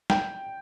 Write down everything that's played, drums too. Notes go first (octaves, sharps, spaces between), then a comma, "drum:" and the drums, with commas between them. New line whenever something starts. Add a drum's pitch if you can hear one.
G5, drum: snare